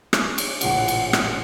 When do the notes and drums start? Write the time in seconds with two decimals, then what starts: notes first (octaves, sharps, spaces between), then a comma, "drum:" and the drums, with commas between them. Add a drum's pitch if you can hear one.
0.13 G#5 C#6 D6, drum: rim click
0.38 drum: cymbal
0.61 A1 A#2 C#3 F#5, drum: cymbal
0.88 drum: cymbal
1.13 drum: rim click